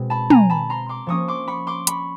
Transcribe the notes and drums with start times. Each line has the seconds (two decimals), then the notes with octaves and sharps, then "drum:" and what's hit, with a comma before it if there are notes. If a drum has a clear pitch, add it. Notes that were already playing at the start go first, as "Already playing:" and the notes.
Already playing: B2 G#3 C4
0.10 A5 B5
0.30 G#5 A#5, drum: tom
0.50 A5 B5
0.70 A#5 C6
0.89 C6 D6
1.07 F3 A#3 C#4 C#6 D#6
1.28 C6 D6
1.48 B5 C#6
1.67 C6 D6
1.87 B5 C#6, drum: hi-hat